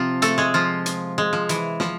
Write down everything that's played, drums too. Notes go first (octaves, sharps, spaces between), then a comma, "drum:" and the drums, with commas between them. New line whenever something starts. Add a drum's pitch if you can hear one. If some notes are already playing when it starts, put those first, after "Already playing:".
Already playing: C3 F3 C4 F4
A3 A4, drum: hi-hat
G#3 G#4
F3 F4
drum: hi-hat
G#3
F3
E3, drum: hi-hat
F3, drum: snare